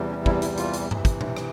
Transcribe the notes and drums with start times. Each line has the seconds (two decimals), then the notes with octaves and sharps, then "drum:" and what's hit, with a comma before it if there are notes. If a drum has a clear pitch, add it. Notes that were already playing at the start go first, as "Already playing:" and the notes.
Already playing: E2 C3 E3 G3
0.10 C#4
0.26 E4, drum: kick
0.42 E4, drum: hi-hat
0.57 F4, drum: hi-hat
0.73 drum: hi-hat
0.91 C3 E3, drum: tom G2
1.05 drum: kick, hi-hat
1.21 drum: tom B2
1.37 drum: rim click